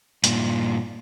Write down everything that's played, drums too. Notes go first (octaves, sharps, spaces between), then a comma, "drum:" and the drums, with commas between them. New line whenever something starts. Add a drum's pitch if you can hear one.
G2 A#2, drum: hi-hat